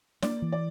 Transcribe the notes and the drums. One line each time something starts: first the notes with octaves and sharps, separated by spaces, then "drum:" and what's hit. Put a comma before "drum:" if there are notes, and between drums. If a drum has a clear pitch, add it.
A#3 D5, drum: snare
E3
D5